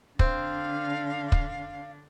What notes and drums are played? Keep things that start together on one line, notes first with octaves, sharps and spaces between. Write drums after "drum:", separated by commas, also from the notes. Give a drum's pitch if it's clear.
D3 C4 D4 F5, drum: kick
drum: kick